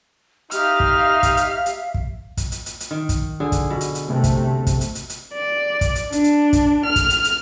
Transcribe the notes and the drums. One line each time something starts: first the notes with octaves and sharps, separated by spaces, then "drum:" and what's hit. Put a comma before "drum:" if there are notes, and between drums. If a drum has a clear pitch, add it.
D#4 G4 E5 F5 F6, drum: hi-hat
drum: kick
drum: kick, hi-hat
drum: hi-hat
drum: hi-hat
drum: kick
drum: kick, hi-hat
drum: hi-hat
drum: hi-hat
drum: hi-hat
D#3
drum: kick, hi-hat
D3 G#4
drum: kick, hi-hat
B2
drum: hi-hat
drum: hi-hat
C3 A3
drum: kick, hi-hat
drum: kick, hi-hat
drum: hi-hat
drum: hi-hat
drum: hi-hat
D5
drum: kick, hi-hat
drum: hi-hat
D4, drum: hi-hat
drum: hi-hat
drum: kick, hi-hat
F6
drum: kick, hi-hat
drum: hi-hat
drum: hi-hat